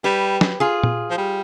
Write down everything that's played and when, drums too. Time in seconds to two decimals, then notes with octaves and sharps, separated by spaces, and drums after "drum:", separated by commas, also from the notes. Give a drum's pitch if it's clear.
0.04 G3 G4 B4
0.41 drum: snare
0.60 F4 G#4
0.84 drum: tom
1.10 F3
1.18 G3